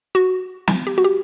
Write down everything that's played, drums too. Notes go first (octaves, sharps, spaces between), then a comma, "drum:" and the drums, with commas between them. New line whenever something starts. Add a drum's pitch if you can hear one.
F#4
drum: snare
G4
F#4
G4